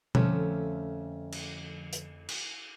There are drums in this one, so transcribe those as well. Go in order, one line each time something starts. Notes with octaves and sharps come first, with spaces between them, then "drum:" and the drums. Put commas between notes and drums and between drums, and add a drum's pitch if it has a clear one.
F2 D3 F3 A3 C#4, drum: tom B2
drum: cymbal
drum: hi-hat
drum: cymbal